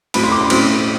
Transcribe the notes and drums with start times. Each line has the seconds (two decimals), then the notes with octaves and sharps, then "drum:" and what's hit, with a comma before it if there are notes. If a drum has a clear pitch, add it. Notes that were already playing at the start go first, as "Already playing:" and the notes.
0.14 A2 F#3 C4 B5, drum: cymbal
0.24 C6
0.32 D6
0.41 C6
0.50 A2 F#3 C4, drum: cymbal